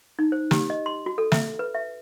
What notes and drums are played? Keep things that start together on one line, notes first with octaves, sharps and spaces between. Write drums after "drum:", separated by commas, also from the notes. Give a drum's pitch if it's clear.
D#4
C5
G4, drum: snare
D#5
C6
F#4
A4
E5, drum: snare
B4
E5